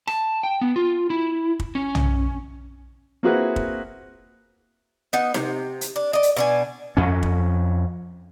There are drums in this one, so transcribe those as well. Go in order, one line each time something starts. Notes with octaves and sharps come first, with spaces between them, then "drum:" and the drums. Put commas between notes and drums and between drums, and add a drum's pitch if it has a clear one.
A5, drum: rim click
G5
B3
F4
E4
drum: kick
C#4
drum: tom
A#3 C4 E4 F#4 G#4 B4
drum: kick
B3 D#4 F#5
C3, drum: snare D#4
drum: hi-hat
D4
D5 D#5
drum: hi-hat
B2 D4 G#5
F2 C#4
drum: kick